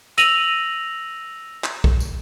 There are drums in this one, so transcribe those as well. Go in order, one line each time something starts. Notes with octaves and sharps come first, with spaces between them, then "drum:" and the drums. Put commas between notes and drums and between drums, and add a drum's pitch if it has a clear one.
E6 A#6 D#7 F7 F#7, drum: hi-hat
drum: clap
drum: kick
drum: tambourine